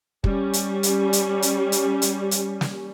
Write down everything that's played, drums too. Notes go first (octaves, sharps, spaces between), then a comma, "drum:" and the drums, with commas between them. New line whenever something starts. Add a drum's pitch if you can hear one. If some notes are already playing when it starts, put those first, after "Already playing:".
G3 C#4, drum: kick
drum: hi-hat
drum: hi-hat
drum: hi-hat
drum: hi-hat
drum: hi-hat
drum: hi-hat
drum: hi-hat
drum: snare